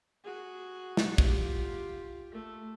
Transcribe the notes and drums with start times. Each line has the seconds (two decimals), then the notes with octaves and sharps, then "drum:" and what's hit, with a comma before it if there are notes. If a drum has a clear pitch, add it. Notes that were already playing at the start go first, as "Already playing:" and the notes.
0.24 F#4 G#4
0.97 drum: snare
1.18 F4 G4, drum: kick
2.31 A3